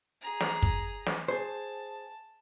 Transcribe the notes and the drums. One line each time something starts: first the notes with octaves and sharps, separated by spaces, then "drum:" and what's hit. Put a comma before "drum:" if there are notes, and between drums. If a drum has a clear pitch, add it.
G#4 A#5
drum: snare
drum: kick
drum: snare
G#4 C5 A5